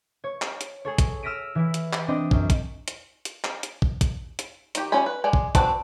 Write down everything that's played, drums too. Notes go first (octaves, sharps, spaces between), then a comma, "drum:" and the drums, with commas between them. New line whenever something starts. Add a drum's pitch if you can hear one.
C#5
drum: clap
drum: hi-hat
G#4 A4 C#5
drum: kick, hi-hat
E6 F6 A#6 B6 D7 D#7
E3 E4
drum: hi-hat
drum: clap
C4 D4 D5 D#5 G5
F#2, drum: kick
drum: kick, hi-hat
drum: hi-hat
drum: hi-hat
drum: clap
drum: hi-hat
drum: kick
drum: kick, hi-hat
drum: hi-hat
D#3 G4, drum: hi-hat
G3 C#4 F4 G#5 B5
B4
G#3 G#4 D5
drum: kick
C4 D4 F#4 B4 A5, drum: kick, hi-hat